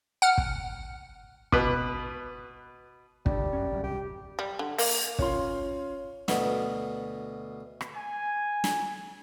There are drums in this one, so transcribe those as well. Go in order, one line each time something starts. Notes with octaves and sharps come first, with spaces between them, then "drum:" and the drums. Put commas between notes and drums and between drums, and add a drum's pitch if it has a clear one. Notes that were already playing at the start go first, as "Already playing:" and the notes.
F#5 F6
drum: kick
B2 B4, drum: kick
C#2 D3 G3 D4, drum: kick
F#2 C#4
D1 C2 F#2
G4
G3
D3
A#3, drum: open hi-hat
C#4 F4 C6, drum: kick
D2 B2, drum: snare
drum: rim click
G#5
drum: snare